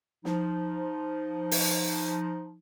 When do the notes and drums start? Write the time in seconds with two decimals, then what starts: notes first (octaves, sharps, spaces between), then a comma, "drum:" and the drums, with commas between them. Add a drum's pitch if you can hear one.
0.25 F3 D#4, drum: snare
1.51 drum: open hi-hat